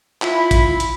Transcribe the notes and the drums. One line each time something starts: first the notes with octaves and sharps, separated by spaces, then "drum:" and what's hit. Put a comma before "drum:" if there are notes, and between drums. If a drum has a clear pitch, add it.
E4 F4 B5, drum: clap
drum: kick A1, hi-hat
drum: hi-hat